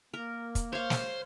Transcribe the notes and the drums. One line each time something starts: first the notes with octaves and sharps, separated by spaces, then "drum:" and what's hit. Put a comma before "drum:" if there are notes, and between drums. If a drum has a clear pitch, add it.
A#3 A#4
drum: kick, hi-hat
C5 C#5 F5
drum: snare